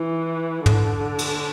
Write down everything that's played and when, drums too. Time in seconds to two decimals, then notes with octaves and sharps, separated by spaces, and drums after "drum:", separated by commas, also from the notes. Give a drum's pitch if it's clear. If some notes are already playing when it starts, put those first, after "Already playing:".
Already playing: E3
0.66 D3, drum: tom
1.18 drum: cymbal